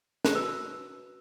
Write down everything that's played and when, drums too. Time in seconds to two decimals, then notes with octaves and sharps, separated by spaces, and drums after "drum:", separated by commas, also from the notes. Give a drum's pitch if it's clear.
0.25 F#6, drum: snare
0.35 F#4 B4 E6